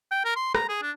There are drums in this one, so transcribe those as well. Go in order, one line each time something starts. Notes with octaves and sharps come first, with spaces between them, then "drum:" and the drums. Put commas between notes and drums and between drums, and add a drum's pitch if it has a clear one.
G5
A#4
C6
A#5, drum: rim click
G#4
D4